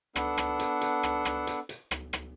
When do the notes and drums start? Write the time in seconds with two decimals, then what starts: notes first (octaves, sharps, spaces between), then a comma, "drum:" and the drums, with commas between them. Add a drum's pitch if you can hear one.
0.16 B3 D4 A4 F#5, drum: rim click
0.37 drum: rim click
0.59 drum: hi-hat
0.81 drum: hi-hat
1.03 drum: rim click
1.25 drum: rim click
1.47 drum: hi-hat
1.69 drum: hi-hat
1.91 drum: rim click
2.13 drum: rim click